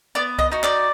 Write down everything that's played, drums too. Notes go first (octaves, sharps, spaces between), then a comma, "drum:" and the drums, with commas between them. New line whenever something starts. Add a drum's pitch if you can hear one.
B3 D5
D#5, drum: kick C2
D#4 F#4
D5, drum: clap